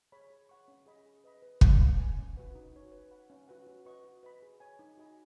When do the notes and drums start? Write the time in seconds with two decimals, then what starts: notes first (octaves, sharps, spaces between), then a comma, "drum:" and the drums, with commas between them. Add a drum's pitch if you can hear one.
0.12 G#4 C#5 B5
0.30 G#4
0.49 C#5 F#5 C#6
0.68 C#4
0.86 G#4 D#5 B5
1.06 G#4
1.24 B4 D#5 B5
1.42 B4
1.61 F#5 C#6, drum: kick
1.80 B4
1.99 G#5 B5
2.18 C#4
2.36 F#4 B4 F#5
2.55 D#4
2.73 F#4 C#5
2.92 B4
3.11 F#5 B5
3.30 C#4
3.48 F#4 B4 F#5
3.67 F#4
3.86 B4 D#5 F#5 C#6
4.04 F#4
4.23 B4 D#5 B5
4.42 G#4
4.60 C#5 G#5
4.79 D#4
4.98 F#4 D#5 G#5 B5